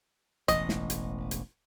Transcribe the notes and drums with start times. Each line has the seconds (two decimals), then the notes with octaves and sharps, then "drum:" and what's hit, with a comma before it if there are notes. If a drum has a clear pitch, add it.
0.48 E1 A1 D#5, drum: hi-hat
0.69 drum: snare
0.90 drum: hi-hat
1.31 drum: hi-hat